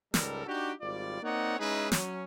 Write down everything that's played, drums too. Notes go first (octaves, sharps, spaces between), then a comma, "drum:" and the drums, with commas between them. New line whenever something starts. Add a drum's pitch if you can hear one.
C#2 G#2 G3 A4 A#4, drum: snare
D4 D#4 F#4 G4
G#1 G3 F4 D5
A#3 C4 D#4 C#5 D5 F#5
G#3 C#4 D#4 E4 G#4 B4
F#3 C#4, drum: snare